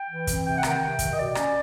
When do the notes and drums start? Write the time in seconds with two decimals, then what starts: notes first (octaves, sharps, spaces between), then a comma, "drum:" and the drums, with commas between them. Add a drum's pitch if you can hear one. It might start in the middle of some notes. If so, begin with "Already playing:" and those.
Already playing: G5
0.09 E3
0.27 C4, drum: kick, hi-hat
0.45 C3 G5
0.57 F#5
0.63 D#3, drum: rim click
0.70 G5
0.81 C3
0.99 D#3, drum: kick, hi-hat
1.12 D#5
1.17 B2 D5
1.35 C#4, drum: rim click